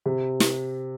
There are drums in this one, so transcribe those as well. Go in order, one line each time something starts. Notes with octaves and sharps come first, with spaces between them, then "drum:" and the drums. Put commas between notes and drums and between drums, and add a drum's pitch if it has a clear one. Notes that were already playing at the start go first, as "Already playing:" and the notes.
C3
drum: snare